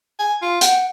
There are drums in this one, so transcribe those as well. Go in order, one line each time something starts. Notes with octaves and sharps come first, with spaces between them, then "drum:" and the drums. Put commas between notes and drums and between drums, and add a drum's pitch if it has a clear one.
G#5
F4
F#5 G5, drum: hi-hat